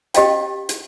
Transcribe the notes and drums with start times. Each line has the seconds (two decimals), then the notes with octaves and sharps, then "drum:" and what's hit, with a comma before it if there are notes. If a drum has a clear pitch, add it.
0.14 C#4 G4 D#5 F5 G5, drum: hi-hat
0.69 drum: hi-hat